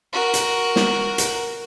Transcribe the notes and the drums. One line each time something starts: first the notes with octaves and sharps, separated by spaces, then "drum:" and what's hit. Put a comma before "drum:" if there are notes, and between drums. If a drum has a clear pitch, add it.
F#4 A#4
drum: hi-hat
drum: snare
drum: hi-hat